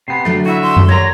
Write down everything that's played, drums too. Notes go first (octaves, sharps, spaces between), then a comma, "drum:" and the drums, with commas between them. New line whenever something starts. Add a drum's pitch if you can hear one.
C3 B3 C7
D3 F#3 A3 D4
E4 F#4 E5
C6
drum: tom G2
G3 A#4 C#5 A#5 A#6